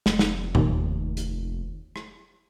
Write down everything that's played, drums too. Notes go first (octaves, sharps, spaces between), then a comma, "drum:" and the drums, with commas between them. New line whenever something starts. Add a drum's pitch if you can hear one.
F1, drum: snare
drum: snare
D#2, drum: tom A#2
drum: hi-hat
drum: rim click